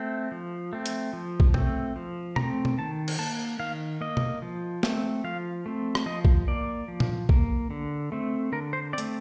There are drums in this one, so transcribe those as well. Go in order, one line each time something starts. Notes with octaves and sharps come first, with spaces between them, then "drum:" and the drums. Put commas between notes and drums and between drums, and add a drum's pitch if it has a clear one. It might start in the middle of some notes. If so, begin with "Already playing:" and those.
Already playing: A3 C4
F3
A3 C4
drum: hi-hat
F3
drum: kick
A3 C4, drum: tom B2
F3
A3 C4 A#5, drum: tom B2
drum: tom B2
D#3 A5
drum: cymbal
A#3 A5
D#3 F5
A#3 D#5
drum: tom B2
F3
A3 C4, drum: snare
F3 F5
A3 C4
drum: rim click
F3 D#5
drum: kick
A#3 D5
F3
drum: tom A#2
A#3, drum: kick
D3
A3 C4
D3 A#4
C5
C4 D5
A3, drum: hi-hat